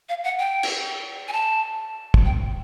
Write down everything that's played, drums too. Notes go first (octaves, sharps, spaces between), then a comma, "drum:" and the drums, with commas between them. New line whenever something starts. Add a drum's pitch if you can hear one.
F5
F#5
G5
drum: cymbal
G#5
A5
drum: kick
G5